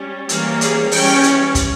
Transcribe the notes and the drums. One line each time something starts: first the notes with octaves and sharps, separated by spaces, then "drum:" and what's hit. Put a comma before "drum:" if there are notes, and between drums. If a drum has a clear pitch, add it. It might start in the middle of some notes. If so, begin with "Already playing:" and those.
Already playing: G3 C#4
E3 G3 A#3 C#4, drum: hi-hat
G#4, drum: hi-hat
E3 G3 C#4 G5, drum: open hi-hat
drum: hi-hat
drum: kick, hi-hat